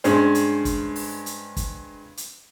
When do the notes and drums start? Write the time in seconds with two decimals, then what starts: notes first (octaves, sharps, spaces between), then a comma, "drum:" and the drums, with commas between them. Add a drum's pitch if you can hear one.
0.04 G2 G#3 C#4 C5, drum: hi-hat
0.35 drum: hi-hat
0.65 drum: kick, hi-hat
0.96 drum: open hi-hat
1.26 drum: hi-hat
1.57 drum: kick, hi-hat
2.17 drum: hi-hat